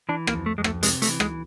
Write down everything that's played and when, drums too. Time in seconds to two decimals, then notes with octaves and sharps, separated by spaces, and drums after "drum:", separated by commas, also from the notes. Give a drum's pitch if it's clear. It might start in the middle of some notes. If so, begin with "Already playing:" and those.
0.09 E3 D4
0.27 A#3, drum: rim click
0.34 F2
0.46 A3
0.58 F2 G#3
0.64 A3, drum: rim click
0.83 C3 G#3, drum: hi-hat
1.02 A3, drum: hi-hat
1.07 E3
1.20 G#3, drum: rim click